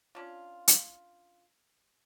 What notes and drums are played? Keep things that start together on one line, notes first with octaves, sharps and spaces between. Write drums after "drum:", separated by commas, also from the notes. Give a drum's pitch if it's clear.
C#4 D4 F4
drum: hi-hat